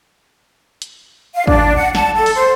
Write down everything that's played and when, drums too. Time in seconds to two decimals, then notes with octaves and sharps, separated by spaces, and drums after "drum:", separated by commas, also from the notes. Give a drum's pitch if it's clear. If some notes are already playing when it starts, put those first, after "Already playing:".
0.82 drum: hi-hat
1.35 F5
1.47 D4, drum: kick
1.76 F#5
1.95 A5, drum: snare
2.15 A4
2.26 drum: open hi-hat
2.36 C5